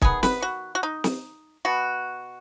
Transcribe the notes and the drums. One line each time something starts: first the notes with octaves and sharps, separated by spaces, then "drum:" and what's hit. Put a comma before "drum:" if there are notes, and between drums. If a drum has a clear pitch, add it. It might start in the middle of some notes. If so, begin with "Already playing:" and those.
D#3 B3 G#4, drum: kick C#1
B4, drum: snare
F#4
F#4
D#4
drum: snare
B2 B3 F#4